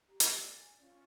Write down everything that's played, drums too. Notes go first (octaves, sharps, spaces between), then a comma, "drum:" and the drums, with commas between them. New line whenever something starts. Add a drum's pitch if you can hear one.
G4 A#5
G4 A4 F#5 F6, drum: hi-hat
D5 G#5
C#4 F4